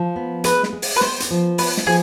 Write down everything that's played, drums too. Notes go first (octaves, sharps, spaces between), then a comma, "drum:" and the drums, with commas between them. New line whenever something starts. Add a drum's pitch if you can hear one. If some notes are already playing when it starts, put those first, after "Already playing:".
Already playing: F3
B3
G#3 B4, drum: hi-hat
drum: snare
G#3
drum: open hi-hat
B4
B3 C5, drum: snare
drum: hi-hat
F3
B3 B4, drum: open hi-hat
drum: snare
F3 G#4